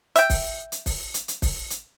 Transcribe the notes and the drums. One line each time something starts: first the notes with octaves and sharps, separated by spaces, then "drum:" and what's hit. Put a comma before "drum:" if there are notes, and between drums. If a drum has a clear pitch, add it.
E5 G5, drum: hi-hat
drum: kick, open hi-hat
drum: hi-hat
drum: kick, open hi-hat
drum: hi-hat
drum: hi-hat
drum: kick, open hi-hat
drum: hi-hat